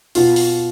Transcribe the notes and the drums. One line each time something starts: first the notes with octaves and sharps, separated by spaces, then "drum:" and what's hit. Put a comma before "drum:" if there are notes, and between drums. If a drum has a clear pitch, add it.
B2 F4, drum: open hi-hat
drum: open hi-hat